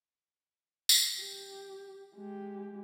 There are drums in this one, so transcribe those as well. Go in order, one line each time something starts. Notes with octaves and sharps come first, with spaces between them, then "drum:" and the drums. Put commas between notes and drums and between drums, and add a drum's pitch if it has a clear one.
drum: tambourine
G4
G#3 G4